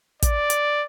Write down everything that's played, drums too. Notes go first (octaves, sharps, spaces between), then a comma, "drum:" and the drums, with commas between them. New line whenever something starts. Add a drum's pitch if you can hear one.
D5, drum: kick, hi-hat
drum: hi-hat